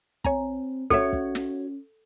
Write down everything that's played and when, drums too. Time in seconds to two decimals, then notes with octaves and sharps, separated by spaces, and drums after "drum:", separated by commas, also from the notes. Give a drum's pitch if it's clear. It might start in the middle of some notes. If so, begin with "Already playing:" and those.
0.25 C4 C#5 G#5 A#5, drum: kick
0.90 C#4 F#4 A4 C#5 E5 F#5 C#7, drum: kick
1.13 drum: kick
1.35 drum: snare